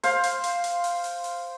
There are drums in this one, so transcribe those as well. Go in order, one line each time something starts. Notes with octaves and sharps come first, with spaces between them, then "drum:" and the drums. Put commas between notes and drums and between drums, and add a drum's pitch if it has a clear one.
C5 F5, drum: hi-hat
drum: hi-hat
drum: hi-hat
drum: hi-hat
drum: open hi-hat
drum: open hi-hat
drum: open hi-hat